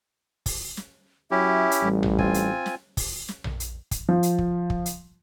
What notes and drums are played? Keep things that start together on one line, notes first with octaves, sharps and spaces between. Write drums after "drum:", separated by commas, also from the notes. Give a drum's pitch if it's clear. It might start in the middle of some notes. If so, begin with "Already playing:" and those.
drum: kick, open hi-hat
drum: snare
F#3 C#4 E4 G4 E5
drum: hi-hat
A1 G3
drum: tom A#1
C4 F4 G#5, drum: kick
drum: hi-hat
drum: snare
drum: kick, open hi-hat
drum: snare
drum: tom A#1
drum: hi-hat
drum: kick, hi-hat
F3
drum: hi-hat
drum: kick
drum: kick
drum: hi-hat